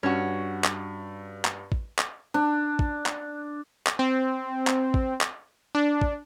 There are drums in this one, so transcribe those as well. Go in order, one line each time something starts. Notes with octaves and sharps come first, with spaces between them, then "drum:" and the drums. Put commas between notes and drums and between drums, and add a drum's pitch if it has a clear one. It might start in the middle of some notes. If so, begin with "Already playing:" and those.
G2 C#4 F#4
drum: clap
drum: clap
drum: kick
drum: clap
D4
drum: kick
drum: clap
drum: clap
C4
drum: clap
drum: kick
drum: clap
D4
drum: kick